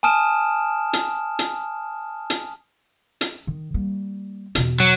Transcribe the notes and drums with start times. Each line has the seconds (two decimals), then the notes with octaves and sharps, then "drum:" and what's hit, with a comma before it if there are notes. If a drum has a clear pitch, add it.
0.03 G#5 A5 D#6 F6 D7 E7
0.93 drum: hi-hat
1.39 drum: hi-hat
2.30 drum: hi-hat
3.21 drum: hi-hat
3.47 D#3
3.74 G3 A#3
4.55 E2 B2, drum: hi-hat
4.80 F#3